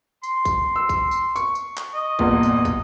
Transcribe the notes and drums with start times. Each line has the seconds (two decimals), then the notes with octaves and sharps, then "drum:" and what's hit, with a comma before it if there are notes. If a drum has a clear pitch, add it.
0.23 C6, drum: tambourine
0.45 drum: kick, tambourine
0.76 E6
0.89 drum: kick, tambourine
1.11 drum: tambourine
1.36 C#6, drum: tambourine
1.55 drum: tambourine
1.77 drum: clap
1.94 D#5
2.19 G1 E2 A#2, drum: kick
2.43 drum: tambourine
2.65 drum: kick, tambourine